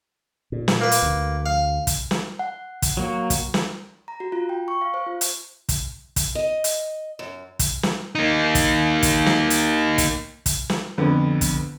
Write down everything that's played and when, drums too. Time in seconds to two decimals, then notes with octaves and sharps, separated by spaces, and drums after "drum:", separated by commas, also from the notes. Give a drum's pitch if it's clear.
0.52 A#2
0.68 drum: snare
0.81 A#3 B4
0.92 drum: hi-hat
1.02 D2
1.46 F5
1.87 drum: kick, hi-hat
2.11 drum: snare
2.39 F#5
2.82 drum: kick, hi-hat
2.97 F#3 A#3 F#4
3.30 drum: kick, hi-hat
3.54 drum: snare
4.08 A#5
4.20 F#4
4.32 F4
4.49 G5
4.68 C#6
4.81 F5
4.94 C5
5.06 F4
5.21 drum: hi-hat
5.69 drum: kick, hi-hat
6.16 drum: kick, hi-hat
6.35 D#5
6.64 drum: hi-hat
7.19 F#2
7.59 drum: kick, hi-hat
7.83 drum: snare
8.15 A#3 D#4
8.55 drum: kick, hi-hat
9.03 drum: kick, hi-hat
9.26 drum: snare
9.50 drum: hi-hat
9.98 drum: kick, hi-hat
10.46 drum: kick, hi-hat
10.70 drum: snare
10.98 F2 D3 B3
11.41 drum: kick, hi-hat